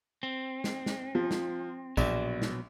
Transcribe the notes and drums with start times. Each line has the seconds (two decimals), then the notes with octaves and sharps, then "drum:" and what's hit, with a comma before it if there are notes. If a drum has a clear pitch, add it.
0.23 C4
0.64 drum: snare
0.86 drum: snare
1.15 F3
1.31 drum: snare
1.97 A#1 B2 F#3, drum: kick A#1, tambourine
2.42 drum: snare